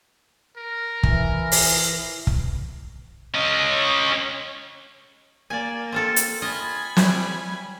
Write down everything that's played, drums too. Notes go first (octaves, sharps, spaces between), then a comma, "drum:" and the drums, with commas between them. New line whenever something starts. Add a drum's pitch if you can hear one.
A#4
E3, drum: kick
drum: open hi-hat
drum: kick
C#4 D#5
A#3 D5 G#5
C4 F4 A4
drum: hi-hat
F4 D#5 G#5 B5
F#3 G3, drum: snare